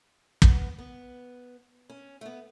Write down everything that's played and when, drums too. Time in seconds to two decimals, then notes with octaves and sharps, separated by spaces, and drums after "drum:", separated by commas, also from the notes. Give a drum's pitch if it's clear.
0.42 B3, drum: kick
0.79 B3
1.90 C#4
2.21 A3
2.26 B3